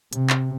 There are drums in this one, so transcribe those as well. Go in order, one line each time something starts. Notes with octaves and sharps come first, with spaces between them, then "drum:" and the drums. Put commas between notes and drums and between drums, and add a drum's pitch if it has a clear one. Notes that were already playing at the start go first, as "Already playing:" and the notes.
C3, drum: hi-hat
drum: clap